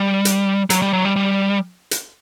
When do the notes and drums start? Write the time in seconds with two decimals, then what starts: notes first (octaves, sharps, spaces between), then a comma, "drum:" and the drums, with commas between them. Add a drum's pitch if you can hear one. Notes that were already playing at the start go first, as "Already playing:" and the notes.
Already playing: G3
0.25 drum: hi-hat
0.70 F#3, drum: hi-hat
0.82 G3
0.93 F#3
1.05 G3
1.16 G3
1.91 drum: hi-hat